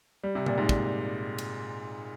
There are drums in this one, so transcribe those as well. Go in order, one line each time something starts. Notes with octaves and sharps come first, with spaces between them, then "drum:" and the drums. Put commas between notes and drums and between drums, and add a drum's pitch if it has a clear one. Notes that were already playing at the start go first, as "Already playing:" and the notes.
G3
C3
A#2, drum: tom C#3
G#2
drum: kick
drum: cymbal